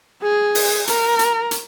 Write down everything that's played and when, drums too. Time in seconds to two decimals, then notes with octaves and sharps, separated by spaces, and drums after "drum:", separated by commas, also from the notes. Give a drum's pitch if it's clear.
0.23 G#4
0.55 drum: open hi-hat
0.88 A#4, drum: hi-hat
1.19 drum: hi-hat
1.51 drum: hi-hat